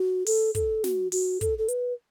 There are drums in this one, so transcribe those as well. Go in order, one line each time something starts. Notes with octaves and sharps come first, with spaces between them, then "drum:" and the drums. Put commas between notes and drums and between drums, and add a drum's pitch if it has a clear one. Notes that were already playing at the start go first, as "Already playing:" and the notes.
Already playing: F#4
A4, drum: open hi-hat
A4, drum: kick, hi-hat
F#4, drum: snare
F#4, drum: open hi-hat
A4, drum: kick, hi-hat
A4
B4, drum: hi-hat